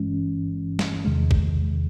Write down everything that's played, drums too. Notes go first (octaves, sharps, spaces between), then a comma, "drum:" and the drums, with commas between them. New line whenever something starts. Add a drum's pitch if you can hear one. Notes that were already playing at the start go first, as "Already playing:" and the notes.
Already playing: G1 G2 E3 G#3 C#4
drum: snare
E2 C3 D#3 G#3
drum: kick